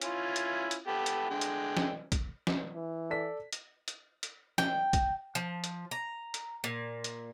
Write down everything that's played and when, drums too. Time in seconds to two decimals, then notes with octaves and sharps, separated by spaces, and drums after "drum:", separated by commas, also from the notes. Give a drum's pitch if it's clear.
0.02 C#4 E4 F4, drum: hi-hat
0.36 drum: hi-hat
0.71 drum: hi-hat
0.87 B3 G4 A4
1.06 drum: hi-hat
1.30 D3 G#3 G5
1.41 drum: hi-hat
1.77 drum: snare
2.12 drum: kick, hi-hat
2.47 drum: snare
2.73 E3
3.10 A4 D5 B6
3.53 drum: hi-hat
3.88 drum: hi-hat
4.23 drum: hi-hat
4.58 G5, drum: snare
4.93 drum: kick, hi-hat
5.35 F3
5.64 drum: hi-hat
5.91 A#5
6.34 drum: hi-hat
6.64 A#2
7.04 drum: hi-hat